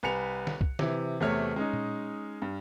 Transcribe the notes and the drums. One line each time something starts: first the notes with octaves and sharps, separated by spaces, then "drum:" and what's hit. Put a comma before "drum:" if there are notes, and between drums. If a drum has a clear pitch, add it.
C2 B4 G#5 C#7 F7
drum: snare
drum: kick
C3 E3, drum: snare
E2 C3 A3 C#5 F6
G#3 C#4 D#4
drum: tom A#2
G2